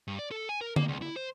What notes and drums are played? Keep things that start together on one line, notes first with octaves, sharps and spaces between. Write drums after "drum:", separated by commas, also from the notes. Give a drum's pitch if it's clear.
G2
D5
A4
G#5
A#4
A#3, drum: tom
C#2
E4
C5